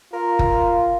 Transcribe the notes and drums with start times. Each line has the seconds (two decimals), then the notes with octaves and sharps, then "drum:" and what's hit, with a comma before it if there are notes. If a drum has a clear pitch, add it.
0.13 F4 A#4
0.39 drum: kick F#1